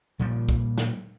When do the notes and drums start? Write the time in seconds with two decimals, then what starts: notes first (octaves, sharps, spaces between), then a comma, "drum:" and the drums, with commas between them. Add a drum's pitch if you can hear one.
0.19 A#2 F3 G3
0.49 drum: kick
0.78 drum: snare